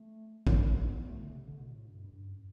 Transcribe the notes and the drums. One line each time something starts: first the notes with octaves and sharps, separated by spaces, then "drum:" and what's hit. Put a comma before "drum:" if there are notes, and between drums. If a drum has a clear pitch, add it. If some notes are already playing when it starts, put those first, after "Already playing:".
Already playing: A3
B3, drum: kick
A3
B3
A3
D3
C3
D3
B2
A2
G2
G2
F#2